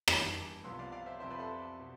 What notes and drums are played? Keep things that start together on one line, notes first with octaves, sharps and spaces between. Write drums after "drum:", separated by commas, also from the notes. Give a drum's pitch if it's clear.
G2 E3 A3 B5 D6, drum: rim click
C2 C3 F3 B3 C6 E6
D5 F5
D5 F5
C5 E5
F2 C3 F3 C5 E5
B4 D5
A4 C5
B2